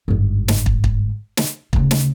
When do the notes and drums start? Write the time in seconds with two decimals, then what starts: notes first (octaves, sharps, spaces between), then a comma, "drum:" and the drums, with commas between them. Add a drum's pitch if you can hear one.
0.08 G1 G#2
0.48 drum: snare
0.66 drum: kick
0.84 drum: kick
1.37 drum: snare
1.73 D2 C#3, drum: kick
1.91 drum: snare